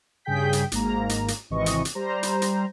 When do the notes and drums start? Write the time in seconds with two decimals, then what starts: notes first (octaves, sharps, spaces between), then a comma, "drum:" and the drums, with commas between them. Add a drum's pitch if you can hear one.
0.25 G2 C#3 G#4 G5 G6 B6
0.53 drum: hi-hat
0.72 G#1 G#2 A#3 A#5, drum: hi-hat
1.09 drum: hi-hat
1.28 drum: hi-hat
1.50 G#1 C3 E3 D#5 C#6
1.66 drum: hi-hat
1.85 drum: hi-hat
1.95 G3 C5 A#5
2.23 drum: hi-hat
2.42 drum: hi-hat